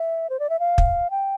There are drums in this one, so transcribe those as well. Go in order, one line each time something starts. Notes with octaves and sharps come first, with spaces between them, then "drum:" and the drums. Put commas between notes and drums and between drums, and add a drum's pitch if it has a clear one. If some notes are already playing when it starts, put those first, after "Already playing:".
Already playing: E5
C5
D5
E5
F5
drum: kick
G5